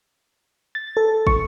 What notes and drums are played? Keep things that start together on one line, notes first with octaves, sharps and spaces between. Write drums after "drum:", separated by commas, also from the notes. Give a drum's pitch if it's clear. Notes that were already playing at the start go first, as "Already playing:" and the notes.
A6
A4
C#6, drum: kick